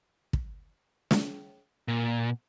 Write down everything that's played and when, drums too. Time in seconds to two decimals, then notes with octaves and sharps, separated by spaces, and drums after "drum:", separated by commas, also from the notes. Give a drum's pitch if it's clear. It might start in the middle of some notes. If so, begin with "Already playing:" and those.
0.33 drum: kick
1.11 drum: snare
1.88 A#2